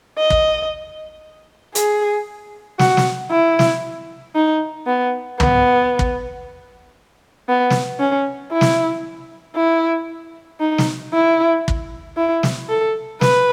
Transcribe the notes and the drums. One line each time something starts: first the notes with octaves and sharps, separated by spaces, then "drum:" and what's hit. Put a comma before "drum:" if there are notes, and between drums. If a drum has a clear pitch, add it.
D#5
drum: kick
G#4, drum: hi-hat
F#4, drum: snare
drum: snare
E4
drum: snare
D#4
B3
B3, drum: tom
drum: kick
B3
drum: snare
C#4
E4
drum: snare
E4
D#4
drum: snare
E4
drum: kick
E4
drum: snare
A4
B4, drum: snare